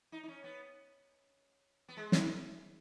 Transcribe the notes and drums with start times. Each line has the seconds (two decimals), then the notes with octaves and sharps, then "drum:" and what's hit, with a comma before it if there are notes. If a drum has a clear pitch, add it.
0.12 D#4
0.23 D#4
0.28 C#4
0.44 B3
1.89 B3
1.97 G#3
2.12 D#3, drum: snare